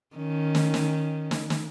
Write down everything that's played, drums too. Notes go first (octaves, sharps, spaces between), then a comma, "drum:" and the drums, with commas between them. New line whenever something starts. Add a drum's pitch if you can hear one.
D#3 C#4
drum: snare
drum: snare
drum: snare
drum: snare